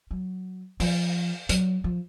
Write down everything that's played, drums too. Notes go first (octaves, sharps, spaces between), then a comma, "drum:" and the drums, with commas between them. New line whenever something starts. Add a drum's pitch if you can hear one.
F#3
F3, drum: open hi-hat
F#3, drum: hi-hat
F3